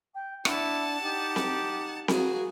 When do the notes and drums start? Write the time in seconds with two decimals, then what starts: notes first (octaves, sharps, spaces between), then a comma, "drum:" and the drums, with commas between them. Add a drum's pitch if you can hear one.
0.14 G5
0.45 D4 E4 F#5 A5, drum: rim click
1.02 D#4 G4
1.36 drum: snare C4
2.08 A#3 F#4 G#4, drum: snare C4